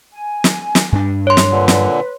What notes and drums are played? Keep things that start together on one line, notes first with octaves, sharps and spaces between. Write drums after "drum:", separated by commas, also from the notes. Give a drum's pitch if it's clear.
G#5
drum: snare
drum: snare
G2 D4
A#4 C#5 C6
drum: snare
A#2 D3 B4
drum: snare